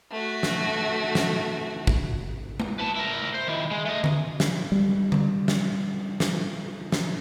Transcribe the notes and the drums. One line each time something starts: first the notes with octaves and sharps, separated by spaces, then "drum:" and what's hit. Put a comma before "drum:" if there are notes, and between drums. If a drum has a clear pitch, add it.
A3 F#4
drum: snare
drum: snare
drum: kick
drum: tom G#3
B4 A5
E4 A#4
C5
D#3 E4
G#3
A3 D#5
drum: tom D3
drum: snare
G3 G#3
drum: tom D3
drum: snare
drum: snare
drum: snare